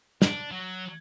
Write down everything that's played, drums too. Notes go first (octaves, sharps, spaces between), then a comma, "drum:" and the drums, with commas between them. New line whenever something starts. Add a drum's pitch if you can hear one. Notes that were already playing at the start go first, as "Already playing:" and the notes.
D4, drum: snare
F#3